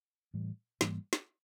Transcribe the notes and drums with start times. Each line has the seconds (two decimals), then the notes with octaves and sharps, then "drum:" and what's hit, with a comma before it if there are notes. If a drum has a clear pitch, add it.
0.34 A2 E3 G3
0.81 G#2 E3 G3 A#3, drum: snare
1.13 drum: snare